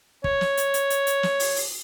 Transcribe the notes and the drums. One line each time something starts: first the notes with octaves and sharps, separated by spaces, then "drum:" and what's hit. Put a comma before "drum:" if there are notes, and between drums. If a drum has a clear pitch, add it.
C#5, drum: kick
drum: snare
drum: hi-hat
drum: hi-hat
drum: hi-hat
drum: hi-hat
drum: snare
drum: open hi-hat
drum: open hi-hat